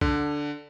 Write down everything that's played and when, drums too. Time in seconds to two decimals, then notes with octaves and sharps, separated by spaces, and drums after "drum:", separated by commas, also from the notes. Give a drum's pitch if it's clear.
0.01 D3, drum: kick B1